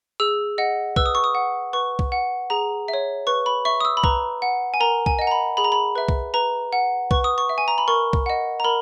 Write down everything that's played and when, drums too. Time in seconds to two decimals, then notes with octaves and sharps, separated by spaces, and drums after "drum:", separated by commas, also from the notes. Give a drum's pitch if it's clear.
0.20 G#4 E6
0.58 D#5 F#5
0.96 B4 E6, drum: kick C2
1.06 D#6
1.15 C#6
1.24 D#6
1.35 F#5
1.73 B4 C#6
1.99 drum: kick C2
2.12 F#5
2.50 G#4 A#5
2.88 E5
2.94 C#5
3.27 B4 C#6
3.46 B5
3.65 E5 C#6
3.81 D#6
3.85 E6
3.97 B5
4.04 B4 A#5, drum: kick C2
4.42 F#5
4.74 G#5
4.80 A#4 A#5
5.06 G#5, drum: kick C2
5.19 D#5 F#5
5.27 A#5
5.31 B5
5.57 G#4 B5
5.64 A#5
5.72 B5
5.96 B4 E5
6.09 drum: kick C2
6.34 B4 A#5
6.73 F#5
7.11 B4 C#6, drum: kick C2
7.24 D#6
7.38 C#6
7.49 E5
7.58 G#5
7.68 A#5
7.78 B5
7.88 A#4 C#6
8.13 drum: kick C2
8.26 D#5 F#5
8.60 A#5
8.64 A#4 B5